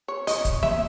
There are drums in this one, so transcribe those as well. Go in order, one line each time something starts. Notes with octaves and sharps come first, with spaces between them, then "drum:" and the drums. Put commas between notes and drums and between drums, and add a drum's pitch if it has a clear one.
C#5
D#5, drum: open hi-hat
drum: kick, hi-hat
E5, drum: snare